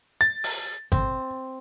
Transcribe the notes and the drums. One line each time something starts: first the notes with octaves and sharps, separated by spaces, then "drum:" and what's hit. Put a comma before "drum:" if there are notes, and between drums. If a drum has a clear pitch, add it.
A6
drum: open hi-hat
C4, drum: kick G#1, hi-hat